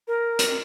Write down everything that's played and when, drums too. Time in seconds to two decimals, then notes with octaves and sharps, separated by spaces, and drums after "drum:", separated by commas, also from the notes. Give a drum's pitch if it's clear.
0.08 A#4
0.39 drum: hi-hat